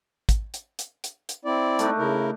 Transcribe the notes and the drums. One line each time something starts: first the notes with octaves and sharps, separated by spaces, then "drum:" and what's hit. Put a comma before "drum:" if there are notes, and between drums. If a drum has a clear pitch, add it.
drum: kick, hi-hat
drum: hi-hat
drum: hi-hat
drum: hi-hat
drum: hi-hat
C4 E4 D5
A3 D4 D#4, drum: hi-hat
C#3 E4 A#4